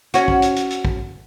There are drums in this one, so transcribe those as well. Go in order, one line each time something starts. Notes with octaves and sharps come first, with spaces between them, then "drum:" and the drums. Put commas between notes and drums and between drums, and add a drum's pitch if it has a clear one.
C#4 F#4, drum: hi-hat
drum: kick
drum: hi-hat
drum: hi-hat
drum: hi-hat
drum: kick